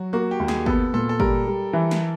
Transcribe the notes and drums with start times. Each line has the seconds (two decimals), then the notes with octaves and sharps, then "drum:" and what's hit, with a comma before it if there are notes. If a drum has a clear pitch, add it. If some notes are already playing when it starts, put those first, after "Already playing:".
Already playing: F#3 F#4
0.13 A#3 F#4
0.31 G4
0.40 D#2
0.48 G#4, drum: snare
0.66 B3 A4, drum: kick G1
0.94 A#2 A4
1.09 A4
1.20 G3 A#4, drum: kick G1
1.47 G3
1.73 E3
1.91 drum: snare